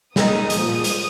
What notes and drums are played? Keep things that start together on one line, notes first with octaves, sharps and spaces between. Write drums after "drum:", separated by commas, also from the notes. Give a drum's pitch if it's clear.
C#3 A#3 D#4 D#6, drum: snare
A#2 F3 G#3, drum: hi-hat
drum: hi-hat